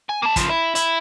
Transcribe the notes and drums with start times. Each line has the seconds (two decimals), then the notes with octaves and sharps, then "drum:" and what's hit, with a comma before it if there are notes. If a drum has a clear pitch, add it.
0.09 G#5
0.22 A#3 A5
0.36 C#3 F3, drum: kick, hi-hat
0.50 E4
0.75 E4, drum: hi-hat